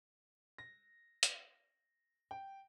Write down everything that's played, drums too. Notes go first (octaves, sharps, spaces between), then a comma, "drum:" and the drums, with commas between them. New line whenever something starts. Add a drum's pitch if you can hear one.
A#6
drum: hi-hat
G5